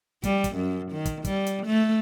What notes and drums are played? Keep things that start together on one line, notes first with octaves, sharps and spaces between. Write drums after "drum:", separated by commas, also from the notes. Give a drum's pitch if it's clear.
G3, drum: kick, hi-hat
drum: kick, hi-hat
F#2
D#3
drum: kick, hi-hat
G3, drum: kick, hi-hat
drum: hi-hat
A3